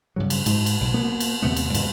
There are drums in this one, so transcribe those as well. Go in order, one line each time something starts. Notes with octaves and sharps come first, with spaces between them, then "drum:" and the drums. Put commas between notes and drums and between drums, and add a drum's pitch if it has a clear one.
G2 C#3 F#3
drum: cymbal
G#2, drum: cymbal
drum: cymbal
B1
A#3 B3
drum: cymbal
D#2 C3 A3 B3
drum: cymbal
G2 D#3 G#3, drum: cymbal